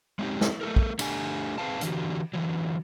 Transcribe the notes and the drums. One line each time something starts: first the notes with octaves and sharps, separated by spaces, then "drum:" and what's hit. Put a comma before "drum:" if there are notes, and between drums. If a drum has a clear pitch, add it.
G#3 C4 C#4 D#4 G4
drum: snare
A3 A4 A#4
drum: kick
A3 D4 G4 G#5, drum: cymbal
C4 G#4 B4 F5 A5
D3 E3 F#3 F#4 G4, drum: hi-hat
D3 E3 F#3